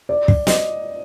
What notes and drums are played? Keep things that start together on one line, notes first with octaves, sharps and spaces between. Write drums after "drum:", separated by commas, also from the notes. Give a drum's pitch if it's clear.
D5
drum: kick
D#5, drum: snare